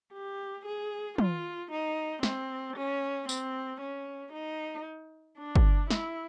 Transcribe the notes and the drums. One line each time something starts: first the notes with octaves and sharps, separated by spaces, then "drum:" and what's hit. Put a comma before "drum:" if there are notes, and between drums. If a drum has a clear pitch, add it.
G4
G#4
F4, drum: tom
D#4
C4, drum: snare
C#4
C4, drum: tambourine
C#4
D#4
D4
drum: kick
E4, drum: snare